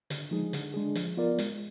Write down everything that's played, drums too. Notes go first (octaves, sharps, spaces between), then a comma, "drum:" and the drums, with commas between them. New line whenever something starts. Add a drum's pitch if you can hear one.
D3, drum: hi-hat
F3 G#3 D#4 G#4
D3, drum: hi-hat
G#3 D4 G#4
F3, drum: hi-hat
B3 F4 A#4 D5
G#3, drum: hi-hat